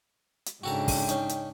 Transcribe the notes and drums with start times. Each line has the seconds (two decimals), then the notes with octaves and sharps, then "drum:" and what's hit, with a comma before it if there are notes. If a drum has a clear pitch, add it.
0.46 drum: hi-hat
0.64 G#2 C#3 D4 F#4 A4 G5 A#5
0.88 drum: kick, open hi-hat
1.09 C#4 D#4, drum: hi-hat
1.29 drum: hi-hat